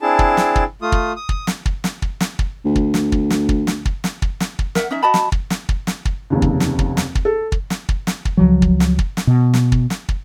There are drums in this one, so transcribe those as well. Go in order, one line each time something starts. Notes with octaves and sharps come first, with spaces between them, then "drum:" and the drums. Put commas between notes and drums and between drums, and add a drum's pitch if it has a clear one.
C4 D4 E4 G#4 A5
drum: kick
drum: snare
drum: kick
A3 F4 D#6
drum: kick
D#6
drum: kick
drum: snare
drum: kick
drum: snare
drum: kick
drum: snare
drum: kick
D2
drum: kick
drum: snare
drum: kick
drum: snare
drum: kick
drum: snare
drum: kick
drum: snare
drum: kick
drum: snare
drum: kick
A#4 E5 F#5, drum: snare
C#4 D#4 E5
F#4 D#5 A5 B5
drum: snare
drum: kick
drum: snare
drum: kick
drum: snare
drum: kick
F1 D#2 C#3
drum: kick
drum: snare
drum: kick
drum: snare
drum: kick
A4
drum: kick
drum: snare
drum: kick
drum: snare
drum: kick
C#2 F3 F#3
drum: kick
drum: snare
drum: kick
drum: snare
B2
drum: snare
drum: kick
drum: snare
drum: kick